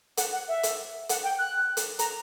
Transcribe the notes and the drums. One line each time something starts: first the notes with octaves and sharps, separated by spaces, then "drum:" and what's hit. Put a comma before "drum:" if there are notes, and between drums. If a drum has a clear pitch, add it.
F#5, drum: hi-hat
F#5
E5
drum: hi-hat
F#5, drum: hi-hat
G5
F#6
drum: hi-hat
A#5, drum: hi-hat